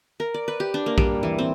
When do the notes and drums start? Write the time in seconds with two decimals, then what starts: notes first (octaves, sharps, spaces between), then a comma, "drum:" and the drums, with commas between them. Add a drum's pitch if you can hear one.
0.20 A#4
0.34 D5
0.48 B4
0.60 G4
0.74 D4
0.86 A#3
0.98 G3, drum: kick
1.23 E3
1.38 C4